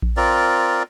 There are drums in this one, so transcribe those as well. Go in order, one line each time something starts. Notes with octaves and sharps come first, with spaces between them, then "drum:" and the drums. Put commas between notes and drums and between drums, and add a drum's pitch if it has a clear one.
drum: kick A#1
C4 F4 A#4 D5